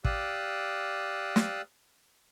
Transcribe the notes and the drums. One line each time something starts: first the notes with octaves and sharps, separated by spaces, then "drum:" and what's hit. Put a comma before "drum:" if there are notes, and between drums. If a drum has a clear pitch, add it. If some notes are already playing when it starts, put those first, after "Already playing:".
G4 D5 F5 D#6 E6 F#6, drum: kick
drum: snare